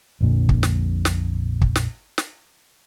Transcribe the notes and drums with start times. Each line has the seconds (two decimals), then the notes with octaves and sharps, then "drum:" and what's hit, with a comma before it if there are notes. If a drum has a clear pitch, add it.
0.21 A#1 F2 A#2 D3
0.49 drum: kick
0.63 drum: snare
1.05 drum: snare
1.61 drum: kick
1.76 drum: snare
2.18 drum: snare